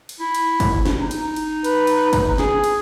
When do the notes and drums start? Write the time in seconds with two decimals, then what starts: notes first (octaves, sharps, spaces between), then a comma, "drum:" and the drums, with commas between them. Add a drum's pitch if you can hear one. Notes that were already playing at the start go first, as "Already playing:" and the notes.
0.09 drum: cymbal
0.20 E4
0.35 drum: cymbal
0.60 drum: kick, cymbal
0.85 drum: snare
0.98 D#4
1.11 drum: cymbal
1.36 drum: cymbal
1.64 B4, drum: cymbal
1.87 drum: cymbal
2.13 drum: kick, cymbal
2.38 G#4, drum: snare
2.64 drum: cymbal